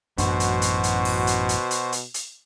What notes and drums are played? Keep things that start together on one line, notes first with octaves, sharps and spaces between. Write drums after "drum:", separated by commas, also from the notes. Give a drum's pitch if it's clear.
A1 F#2 B2 D4 F#4 C5, drum: hi-hat
drum: hi-hat
drum: hi-hat
drum: hi-hat
drum: open hi-hat
drum: hi-hat
drum: hi-hat
drum: hi-hat
drum: hi-hat
drum: hi-hat